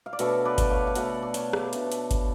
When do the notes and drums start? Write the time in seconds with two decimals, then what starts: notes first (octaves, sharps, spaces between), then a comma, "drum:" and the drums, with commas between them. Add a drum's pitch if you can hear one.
0.06 F5
0.13 D5
0.19 B2 A3 D4 A4 C#5, drum: hi-hat
0.45 B4 D5
0.58 drum: kick G1, hi-hat
0.71 C#5 F5
0.87 F5
0.95 B2 A3 D4 D5 F#5, drum: hi-hat
1.22 D5
1.34 C#5 F5, drum: hi-hat
1.53 drum: rim click
1.73 B2 A3 D4, drum: hi-hat
1.92 drum: hi-hat
2.11 drum: kick G1, hi-hat